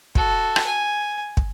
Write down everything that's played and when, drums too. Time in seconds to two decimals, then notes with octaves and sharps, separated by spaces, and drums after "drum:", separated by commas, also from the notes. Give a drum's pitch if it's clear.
0.15 F#4 A4, drum: kick
0.56 drum: rim click
0.67 G#5
1.37 drum: kick